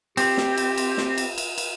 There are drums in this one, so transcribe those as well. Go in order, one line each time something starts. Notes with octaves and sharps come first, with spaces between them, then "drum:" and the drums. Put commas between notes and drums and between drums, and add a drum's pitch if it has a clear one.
C4 G4, drum: cymbal
drum: snare
drum: cymbal
drum: cymbal
drum: snare
drum: cymbal
drum: cymbal
drum: cymbal